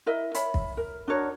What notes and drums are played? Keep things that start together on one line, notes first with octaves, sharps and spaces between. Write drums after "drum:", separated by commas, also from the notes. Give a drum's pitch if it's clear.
E4 A#4 D#5 E5
C#5 E5 B5, drum: hi-hat
drum: kick
A#4
D4 F#4 A#4 C#5